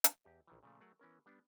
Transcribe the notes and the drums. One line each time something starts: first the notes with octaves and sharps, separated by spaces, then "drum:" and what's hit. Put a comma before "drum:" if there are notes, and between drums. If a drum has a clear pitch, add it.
drum: hi-hat
E2 G4 D#5
A#1 D#3 E3
A#2 C#3 F3 A3
F#3 A3 G#4 A#4 F#5
E3 B3 C#4 A#4
G3 B3 D4